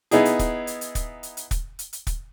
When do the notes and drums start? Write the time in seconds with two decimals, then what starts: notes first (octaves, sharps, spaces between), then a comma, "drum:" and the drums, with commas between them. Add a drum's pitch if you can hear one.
0.11 B3 D#4 E4 G#4, drum: hi-hat
0.25 drum: hi-hat
0.39 drum: kick, hi-hat
0.67 drum: hi-hat
0.81 drum: hi-hat
0.95 drum: kick, hi-hat
1.23 drum: hi-hat
1.37 drum: hi-hat
1.51 drum: kick, hi-hat
1.79 drum: hi-hat
1.93 drum: hi-hat
2.07 drum: kick, hi-hat